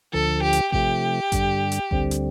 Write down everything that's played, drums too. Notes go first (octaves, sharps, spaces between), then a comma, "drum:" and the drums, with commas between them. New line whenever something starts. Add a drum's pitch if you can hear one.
D2 D3 F3 A4
G4
drum: hi-hat
C3 F3 A3 G4, drum: kick A1
G2 D3 G3, drum: kick A1, hi-hat
drum: hi-hat
D2 D3 G3 C4, drum: kick A1
drum: hi-hat